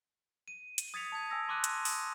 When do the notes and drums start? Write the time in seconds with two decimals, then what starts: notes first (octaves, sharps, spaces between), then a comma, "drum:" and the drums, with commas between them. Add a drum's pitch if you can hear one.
0.48 D#7
0.78 drum: hi-hat
0.94 D#6 G#6 A6 B6 C#7 F7
1.12 A5 G#6
1.30 G#5 E6 A#6
1.48 A5 C6 D6 E6 F#6 D#7
1.64 drum: hi-hat
1.85 D#6, drum: open hi-hat